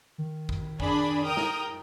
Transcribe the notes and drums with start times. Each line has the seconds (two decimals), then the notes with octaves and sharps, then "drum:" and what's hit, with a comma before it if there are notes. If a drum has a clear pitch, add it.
0.18 D#3
0.49 drum: kick
0.80 D4 G#4 B5, drum: kick
1.24 A#4 G5 D#6
1.37 drum: snare